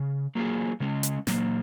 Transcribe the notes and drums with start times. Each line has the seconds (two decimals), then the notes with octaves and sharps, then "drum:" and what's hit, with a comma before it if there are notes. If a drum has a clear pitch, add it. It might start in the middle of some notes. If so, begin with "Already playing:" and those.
Already playing: C#3
0.35 F#3 A#3 F4 G#4
0.80 C#3 G#3 C#4
1.03 drum: hi-hat
1.27 A#2 F#3 A#3, drum: snare